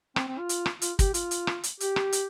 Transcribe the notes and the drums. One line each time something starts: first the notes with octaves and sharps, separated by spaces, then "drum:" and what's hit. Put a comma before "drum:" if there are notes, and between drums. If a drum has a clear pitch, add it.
C4, drum: rim click
C4
F4
drum: hi-hat
drum: rim click
F4, drum: hi-hat
G4, drum: kick, hi-hat
F4, drum: hi-hat
drum: hi-hat
drum: rim click
drum: hi-hat
G4, drum: hi-hat
drum: rim click
drum: hi-hat